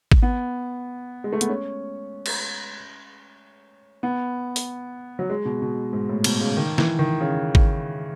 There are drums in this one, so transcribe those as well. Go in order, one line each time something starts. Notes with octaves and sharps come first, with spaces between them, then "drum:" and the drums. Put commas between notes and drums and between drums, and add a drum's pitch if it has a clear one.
drum: kick G#1
B3
G#3
A3
B3, drum: hi-hat
C#4
drum: cymbal
B3
drum: open hi-hat
F#3
G#3
B2
B2
G#2
A2
B2, drum: cymbal
C#3
D#3
E3, drum: snare
D#3
C#3
drum: kick G#1